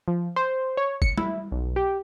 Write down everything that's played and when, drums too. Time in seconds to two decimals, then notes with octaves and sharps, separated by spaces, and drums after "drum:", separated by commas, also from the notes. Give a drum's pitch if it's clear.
0.08 F3
0.36 C5
0.77 C#5
1.02 C#7, drum: kick
1.18 E4, drum: tom G3
1.52 B1
1.76 G4